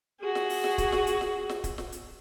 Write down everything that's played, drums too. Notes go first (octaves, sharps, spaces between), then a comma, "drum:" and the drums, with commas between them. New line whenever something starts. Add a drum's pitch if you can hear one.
F#4 G#4
drum: snare
drum: open hi-hat
drum: snare
drum: kick, hi-hat
drum: snare
drum: hi-hat
drum: snare
drum: snare
drum: kick, hi-hat
drum: snare
drum: hi-hat